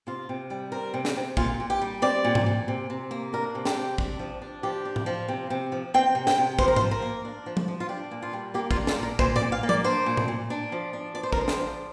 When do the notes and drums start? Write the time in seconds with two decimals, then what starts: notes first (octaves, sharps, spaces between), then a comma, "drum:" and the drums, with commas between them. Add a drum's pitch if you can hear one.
0.07 C3 F4
0.29 C3
0.50 G3
0.72 C4 A#4
0.94 C3
1.05 drum: snare
1.16 C3
1.37 A#2 F4, drum: kick
1.60 A#2
1.70 G4
1.82 G3
2.02 C4 D5
2.25 A#2
2.35 drum: tom G#2
2.46 A#2
2.68 C3
2.90 C3
3.11 A#3
3.33 D4 A#4
3.55 C3
3.65 G4, drum: snare
3.76 C3
3.98 D4, drum: kick
4.19 F3
4.42 D4
4.63 F3 G4
4.85 D4
4.96 drum: tom A2
5.06 F3
5.28 C3
5.50 C3
5.72 F3
5.94 C4 G5
6.15 C3
6.27 G5, drum: snare
6.38 C3
6.59 F3 C5, drum: kick
6.68 A#4
6.76 C5, drum: tom G#2
6.81 F3
6.91 A#4
7.02 A#3
7.25 D4
7.46 F3
7.57 drum: tom F3
7.68 F3
7.80 F4
7.89 D4 G4
8.11 A#2
8.22 F4
8.33 G3
8.54 A#3 G4
8.71 F4, drum: kick
8.76 D4
8.87 F4, drum: snare
8.99 A#2 A#4
9.19 A#2 C5, drum: kick
9.36 D5, drum: tom A2
9.42 A#2
9.52 F5
9.63 A#3
9.69 D5, drum: tom F3
9.84 D4 C5
10.06 A#2
10.17 drum: tom A2
10.28 A#2
10.50 D4
10.72 F3
10.93 D4
11.15 F3 D5
11.23 C5
11.32 A#4, drum: kick
11.37 D4 C5
11.48 drum: snare
11.59 F3